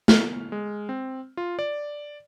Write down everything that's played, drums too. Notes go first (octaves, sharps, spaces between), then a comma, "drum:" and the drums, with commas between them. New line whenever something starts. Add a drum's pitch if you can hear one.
F6, drum: snare
G#3
C4
F4
D5